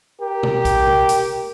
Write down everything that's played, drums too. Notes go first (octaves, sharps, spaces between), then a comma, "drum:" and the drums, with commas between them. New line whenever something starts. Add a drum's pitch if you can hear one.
G4 A#4
drum: tom B2
drum: kick, hi-hat
drum: tom C3
drum: hi-hat